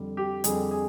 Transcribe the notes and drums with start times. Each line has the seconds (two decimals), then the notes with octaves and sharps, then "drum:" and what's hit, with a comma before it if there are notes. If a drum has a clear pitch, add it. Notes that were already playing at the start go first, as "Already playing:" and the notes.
Already playing: F2 D3 G3
0.17 G4
0.44 F2 D3 G3 G#4, drum: hi-hat
0.71 G#4